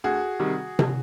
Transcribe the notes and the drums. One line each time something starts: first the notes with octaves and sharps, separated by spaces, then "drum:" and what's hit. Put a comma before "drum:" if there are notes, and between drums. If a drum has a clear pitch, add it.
D2 F#4 G#4
C3 D#3 G3
drum: tom C3